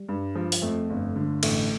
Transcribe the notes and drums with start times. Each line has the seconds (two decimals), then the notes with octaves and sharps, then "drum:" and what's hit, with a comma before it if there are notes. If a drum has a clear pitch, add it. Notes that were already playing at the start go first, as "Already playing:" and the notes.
Already playing: G3
0.09 G2
0.35 F3
0.52 drum: open hi-hat
0.62 F2 A3
0.90 G1
1.16 D3
1.43 A1 A3, drum: cymbal